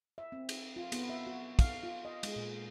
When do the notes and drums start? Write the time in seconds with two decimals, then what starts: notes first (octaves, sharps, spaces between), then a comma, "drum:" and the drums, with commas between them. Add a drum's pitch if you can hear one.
0.18 E5
0.32 C4
0.49 drum: cymbal
0.76 F4
0.92 B3, drum: cymbal
1.10 E5
1.27 F#4
1.59 F5, drum: kick, cymbal
1.83 F4
2.05 D#5
2.23 G#3, drum: cymbal
2.36 A#2